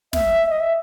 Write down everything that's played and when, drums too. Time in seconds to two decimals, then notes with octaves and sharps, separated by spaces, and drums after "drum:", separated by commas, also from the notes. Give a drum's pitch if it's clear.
0.13 E5, drum: snare
0.49 D#5
0.60 E5